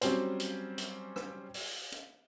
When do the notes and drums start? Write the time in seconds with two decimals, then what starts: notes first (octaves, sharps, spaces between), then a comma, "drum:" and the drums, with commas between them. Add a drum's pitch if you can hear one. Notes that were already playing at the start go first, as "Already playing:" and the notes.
0.01 F#3 G3 C4 C#4 C5, drum: hi-hat
0.40 drum: hi-hat
0.78 drum: hi-hat
1.16 drum: rim click
1.54 drum: open hi-hat
1.92 drum: hi-hat